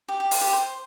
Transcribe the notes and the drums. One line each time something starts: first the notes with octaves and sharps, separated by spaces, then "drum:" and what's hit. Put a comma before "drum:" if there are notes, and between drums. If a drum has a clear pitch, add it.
G4
G4
F4, drum: open hi-hat
G4
C5